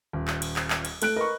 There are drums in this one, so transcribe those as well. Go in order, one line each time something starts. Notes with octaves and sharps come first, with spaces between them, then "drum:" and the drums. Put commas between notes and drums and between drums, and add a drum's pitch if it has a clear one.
D#1
drum: clap
drum: cymbal
drum: clap
drum: clap
drum: cymbal
A3 F#6 D7, drum: cymbal
A#4 B4 D#5 C#6